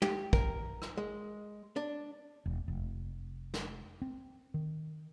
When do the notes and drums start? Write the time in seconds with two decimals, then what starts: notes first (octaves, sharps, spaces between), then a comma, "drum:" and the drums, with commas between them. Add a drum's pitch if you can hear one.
0.02 G4, drum: tom
0.33 A#4, drum: kick
0.82 drum: rim click
0.97 G#3
1.76 D4
2.46 E1
2.68 F1
3.54 drum: snare
4.02 C4
4.54 D#3